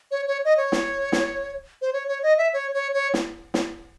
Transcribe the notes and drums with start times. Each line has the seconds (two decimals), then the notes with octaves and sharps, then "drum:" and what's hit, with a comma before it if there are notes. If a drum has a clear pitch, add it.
0.11 C#5
0.27 C#5
0.45 D#5
0.57 C#5
0.72 drum: snare
1.12 drum: snare
1.81 C5
1.93 C#5
2.08 C#5
2.23 D#5
2.38 E5
2.53 C#5
2.74 C#5
2.94 C#5
3.14 drum: snare
3.54 drum: snare